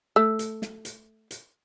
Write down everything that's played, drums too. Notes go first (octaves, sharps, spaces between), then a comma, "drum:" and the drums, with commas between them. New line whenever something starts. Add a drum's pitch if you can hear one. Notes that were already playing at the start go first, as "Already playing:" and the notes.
A3 E6
drum: hi-hat
drum: snare
drum: hi-hat
drum: hi-hat